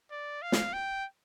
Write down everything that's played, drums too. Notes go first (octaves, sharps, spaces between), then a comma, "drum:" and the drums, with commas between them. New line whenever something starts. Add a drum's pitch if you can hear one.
D5
F5
drum: snare
G5